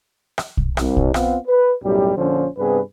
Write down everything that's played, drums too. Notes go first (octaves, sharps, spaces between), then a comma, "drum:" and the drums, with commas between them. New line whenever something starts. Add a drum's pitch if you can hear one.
drum: rim click
drum: kick
C2, drum: rim click
drum: kick
B3 C4 F4, drum: rim click
B4
B1 F#2 A2 G3 G4
A#1 D3 F3 C#4 C5
G2 C3 B3 G#4 B4